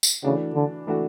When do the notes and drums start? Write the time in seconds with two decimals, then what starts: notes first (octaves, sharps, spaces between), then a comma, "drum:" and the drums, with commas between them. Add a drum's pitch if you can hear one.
0.03 drum: tambourine
0.23 C#3 E3 A3 D4 F#4
0.55 D3
0.87 E3 A3 D4 F#4